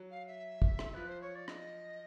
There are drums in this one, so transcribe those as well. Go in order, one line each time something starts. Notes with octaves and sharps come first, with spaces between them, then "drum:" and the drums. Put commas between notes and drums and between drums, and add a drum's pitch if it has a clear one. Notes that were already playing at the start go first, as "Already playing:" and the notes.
Already playing: F#3
F5
E5
drum: kick
drum: rim click
F3 B4
C5
C#5
D5
D#5, drum: rim click